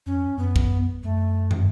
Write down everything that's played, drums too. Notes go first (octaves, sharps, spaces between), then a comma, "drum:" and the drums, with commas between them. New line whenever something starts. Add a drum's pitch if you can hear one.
F2 C#4
F#2 B3
drum: kick
F#2 A3
drum: tom